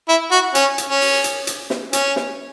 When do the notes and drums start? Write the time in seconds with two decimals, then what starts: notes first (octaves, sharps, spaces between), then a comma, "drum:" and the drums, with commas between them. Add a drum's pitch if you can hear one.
0.09 E4
0.32 F#4
0.55 C#4, drum: hi-hat
0.78 drum: hi-hat
0.89 C#4
1.01 drum: open hi-hat
1.24 drum: hi-hat
1.47 drum: hi-hat
1.70 drum: snare
1.93 C#4, drum: hi-hat
2.16 drum: snare